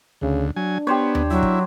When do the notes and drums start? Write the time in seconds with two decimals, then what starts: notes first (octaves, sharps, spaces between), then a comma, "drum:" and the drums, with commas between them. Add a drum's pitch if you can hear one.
0.22 D2 C#3
0.56 F#3 D4 G#5
0.87 B3 G4 C5 C#5
1.15 drum: tom D#2
1.31 F#3 E4
1.43 drum: kick